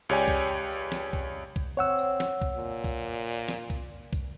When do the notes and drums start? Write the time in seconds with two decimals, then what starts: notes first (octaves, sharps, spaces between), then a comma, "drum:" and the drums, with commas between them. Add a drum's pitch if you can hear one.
0.09 C#2 G4 C#5 D5 G#5
0.28 drum: kick B1, tambourine
0.70 drum: tambourine
0.92 drum: snare
1.13 drum: kick B1, tambourine
1.56 drum: kick B1, tambourine
1.77 C4 C#5 F#5 E6
1.99 drum: tambourine
2.20 drum: snare
2.41 drum: kick B1, tambourine
2.56 A#2
2.84 drum: kick B1, tambourine
3.27 drum: tambourine
3.48 drum: snare
3.70 drum: kick B1, tambourine
4.13 drum: kick B1, tambourine